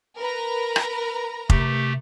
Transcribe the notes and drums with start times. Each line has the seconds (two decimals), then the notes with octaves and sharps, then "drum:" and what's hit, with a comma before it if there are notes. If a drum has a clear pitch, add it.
0.18 A#4 B4 A#5
0.76 drum: rim click
1.50 C3 A3 G4, drum: kick F1